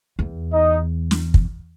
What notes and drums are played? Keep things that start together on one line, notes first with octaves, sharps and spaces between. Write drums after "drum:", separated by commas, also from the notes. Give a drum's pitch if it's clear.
E2
D#4 D#5
drum: snare
drum: kick